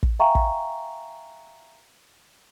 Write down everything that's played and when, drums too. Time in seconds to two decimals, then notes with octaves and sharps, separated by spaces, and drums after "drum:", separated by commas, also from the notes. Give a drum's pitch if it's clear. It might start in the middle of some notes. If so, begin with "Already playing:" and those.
0.03 drum: kick
0.19 E5 F5 G5 G#5 A#5 C#6
0.35 drum: kick